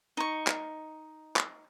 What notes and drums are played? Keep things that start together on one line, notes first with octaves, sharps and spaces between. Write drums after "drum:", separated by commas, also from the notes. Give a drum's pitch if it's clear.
D#4 C#6
drum: clap
drum: clap